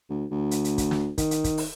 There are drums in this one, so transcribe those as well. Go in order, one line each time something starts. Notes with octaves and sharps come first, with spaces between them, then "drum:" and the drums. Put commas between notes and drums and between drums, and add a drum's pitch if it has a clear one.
D2
D2
drum: hi-hat
drum: hi-hat
drum: kick, hi-hat
drum: snare
D#3, drum: kick, hi-hat
drum: hi-hat
drum: kick, hi-hat
drum: open hi-hat